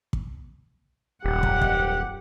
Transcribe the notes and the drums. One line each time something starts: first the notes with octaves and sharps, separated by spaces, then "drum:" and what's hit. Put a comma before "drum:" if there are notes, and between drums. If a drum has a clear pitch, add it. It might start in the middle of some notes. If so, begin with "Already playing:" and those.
drum: kick
D#1 F#2 G4 F#5
drum: kick
drum: kick